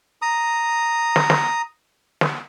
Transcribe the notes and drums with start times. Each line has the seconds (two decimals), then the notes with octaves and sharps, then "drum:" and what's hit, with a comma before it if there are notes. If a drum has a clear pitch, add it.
0.22 A#5 D#6
1.16 drum: snare
1.30 drum: snare
2.21 drum: snare